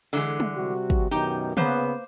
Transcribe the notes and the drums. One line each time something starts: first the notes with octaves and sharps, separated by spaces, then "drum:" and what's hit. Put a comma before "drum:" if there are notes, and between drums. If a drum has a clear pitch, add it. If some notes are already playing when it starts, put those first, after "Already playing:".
D3 E3 G#3
drum: tom
C3 G3 F#4
drum: kick
F#2 B2 D#3 D#4 G4
C#3 A#3 B3 B4 C5, drum: tom